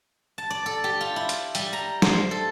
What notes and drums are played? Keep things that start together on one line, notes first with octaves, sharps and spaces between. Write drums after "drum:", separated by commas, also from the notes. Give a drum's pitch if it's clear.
A5
D5
A4
G4
F4
E4
drum: hi-hat
G3, drum: hi-hat
A#5
C5, drum: snare
A4